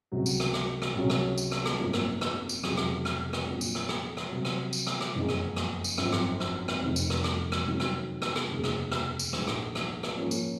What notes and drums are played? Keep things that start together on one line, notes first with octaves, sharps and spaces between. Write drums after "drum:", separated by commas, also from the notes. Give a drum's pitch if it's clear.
C#2 C3 F#3
drum: tambourine
drum: rim click
drum: rim click
drum: rim click
C#2 C3 F#3 C#4
drum: rim click
drum: tambourine
drum: rim click
drum: rim click
G#1 F#2 D#3 A#3 F4
drum: rim click
drum: rim click
drum: tambourine
F1 F2 C#3 F#3 C4, drum: rim click
drum: rim click
drum: rim click
drum: rim click
A#1 A#2 F#3 C4 F4
drum: tambourine
drum: rim click
drum: rim click
drum: rim click
C3 F#3 C4
drum: rim click
drum: tambourine
drum: rim click
drum: rim click
F#1 F2 D#3 G#3 D#4
drum: rim click
drum: rim click
drum: tambourine
G#1 F#2 F3 C4, drum: rim click
drum: rim click
drum: rim click
drum: rim click
F1 F2 D#3
drum: tambourine
drum: rim click
drum: rim click
drum: rim click
C3 D#3 F#3 C#4
drum: rim click
drum: rim click
drum: rim click
F1 D#2 C#3 G#3
drum: rim click
drum: rim click
drum: tambourine
A#1 G#2 D#3, drum: rim click
drum: rim click
drum: rim click
drum: rim click
G#2 F3 A#3 C#4
drum: tambourine